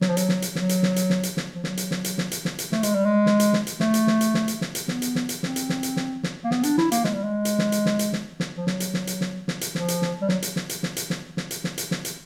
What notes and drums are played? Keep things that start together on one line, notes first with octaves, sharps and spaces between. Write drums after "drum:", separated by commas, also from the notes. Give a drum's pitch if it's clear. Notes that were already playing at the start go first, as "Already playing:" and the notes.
F#3, drum: snare
F3
F#3, drum: hi-hat
drum: snare
drum: hi-hat
F#3, drum: snare
drum: hi-hat
drum: snare
drum: hi-hat
drum: snare
drum: hi-hat
drum: snare
F3
F#3, drum: snare
drum: hi-hat
drum: snare
drum: hi-hat
drum: snare
drum: hi-hat
drum: snare
drum: hi-hat
A3, drum: snare
G#3, drum: hi-hat
G3
G#3
drum: snare
drum: hi-hat
drum: snare
drum: hi-hat
A3, drum: snare
drum: hi-hat
drum: snare
drum: hi-hat
drum: snare
drum: hi-hat
drum: snare
drum: hi-hat
B3, drum: snare
drum: hi-hat
drum: snare
drum: hi-hat
C4, drum: snare
drum: hi-hat
drum: snare
drum: hi-hat
drum: snare
drum: snare
A#3
B3, drum: snare
D4, drum: hi-hat
E4, drum: snare
A#3, drum: hi-hat
G#3, drum: snare
G3
G#3
drum: hi-hat
drum: snare
drum: hi-hat
drum: snare
drum: hi-hat
drum: snare
drum: snare
F3
F#3, drum: snare
drum: hi-hat
drum: snare
drum: hi-hat
drum: snare
drum: snare
drum: hi-hat
F3, drum: snare
drum: hi-hat
drum: snare
G3
F#3, drum: snare
drum: hi-hat
drum: snare
drum: hi-hat
drum: snare
drum: hi-hat
drum: snare
drum: snare
drum: hi-hat
drum: snare
drum: hi-hat
drum: snare
drum: hi-hat